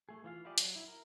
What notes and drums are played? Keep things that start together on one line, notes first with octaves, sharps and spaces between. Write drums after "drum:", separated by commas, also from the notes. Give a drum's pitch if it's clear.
A3 G#4
E3 F4 F5
E4 F4 G4 G#4 D5
F#3, drum: hi-hat
E4
A#4